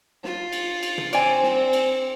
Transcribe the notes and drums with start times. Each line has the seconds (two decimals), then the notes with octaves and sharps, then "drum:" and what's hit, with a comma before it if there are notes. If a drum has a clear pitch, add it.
0.24 F4, drum: snare
0.53 drum: cymbal
0.83 drum: cymbal
0.98 drum: tom
1.13 C4 D5 G#5, drum: cymbal
1.43 drum: snare
1.73 drum: cymbal